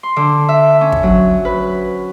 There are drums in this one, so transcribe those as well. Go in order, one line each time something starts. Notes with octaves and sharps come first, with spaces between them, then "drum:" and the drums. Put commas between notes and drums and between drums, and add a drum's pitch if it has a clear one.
C6
D3
E5
C#4
drum: kick
F#3
B4